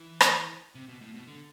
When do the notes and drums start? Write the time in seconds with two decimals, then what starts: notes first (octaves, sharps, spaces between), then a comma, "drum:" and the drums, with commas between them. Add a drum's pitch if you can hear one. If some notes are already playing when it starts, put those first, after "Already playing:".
Already playing: E3
0.21 drum: rim click
0.75 C3
0.88 B2
1.01 A2
1.14 B2
1.27 D3